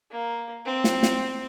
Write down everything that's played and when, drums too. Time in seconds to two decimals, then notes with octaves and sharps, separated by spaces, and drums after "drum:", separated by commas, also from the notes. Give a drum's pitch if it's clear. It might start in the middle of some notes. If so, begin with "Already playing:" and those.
0.11 A#3
0.65 C4
0.84 drum: snare
1.03 drum: snare